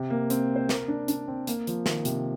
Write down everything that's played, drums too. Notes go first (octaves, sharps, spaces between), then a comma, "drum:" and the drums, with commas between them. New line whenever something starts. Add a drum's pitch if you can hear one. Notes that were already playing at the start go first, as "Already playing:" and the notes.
Already playing: C3
A#3
C4, drum: hi-hat
C5
A#4, drum: snare
D4
D4, drum: hi-hat
C4
A#3, drum: hi-hat
F3, drum: hi-hat
D#3, drum: snare
C3, drum: hi-hat